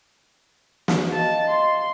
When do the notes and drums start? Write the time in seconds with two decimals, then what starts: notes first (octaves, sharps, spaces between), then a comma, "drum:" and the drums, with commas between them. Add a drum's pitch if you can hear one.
0.88 drum: snare
1.12 D#5 F5 A5
1.50 C6